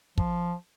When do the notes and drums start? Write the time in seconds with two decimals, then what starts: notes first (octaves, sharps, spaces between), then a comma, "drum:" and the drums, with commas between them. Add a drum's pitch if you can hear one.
0.18 F3, drum: kick